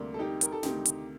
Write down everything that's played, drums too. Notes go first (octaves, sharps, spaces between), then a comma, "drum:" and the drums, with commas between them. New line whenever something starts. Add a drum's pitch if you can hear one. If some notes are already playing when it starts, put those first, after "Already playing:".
Already playing: D2 C3 G3 A#3
A4
D#4 G4
A#4, drum: hi-hat
A4
D2 C3 D#3 D#4 G4, drum: snare
drum: hi-hat